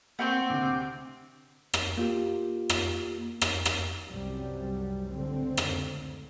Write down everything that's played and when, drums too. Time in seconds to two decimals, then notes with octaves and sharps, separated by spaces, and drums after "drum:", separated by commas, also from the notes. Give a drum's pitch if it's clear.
0.19 A#3 C4 F#5 G5 C#6
0.50 D2 C3 D6
1.74 drum: rim click
1.98 A#3 F4 G4
2.69 drum: rim click
3.41 drum: rim click
3.65 drum: rim click
4.07 C2 F#2 C3 F#3 G3
5.11 C#2 A2 D3 C4
5.57 drum: rim click